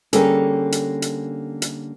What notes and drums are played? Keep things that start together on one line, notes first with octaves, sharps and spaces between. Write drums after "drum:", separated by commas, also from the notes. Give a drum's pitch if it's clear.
D3 G3 A#3 C#4 G#4 A4, drum: hi-hat
drum: hi-hat
drum: hi-hat
drum: hi-hat